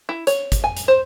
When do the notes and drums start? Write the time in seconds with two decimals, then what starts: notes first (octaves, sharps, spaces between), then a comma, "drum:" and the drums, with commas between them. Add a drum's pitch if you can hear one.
0.09 E4
0.27 C#5, drum: hi-hat
0.52 drum: kick, hi-hat
0.64 G#5
0.77 drum: hi-hat
0.88 C5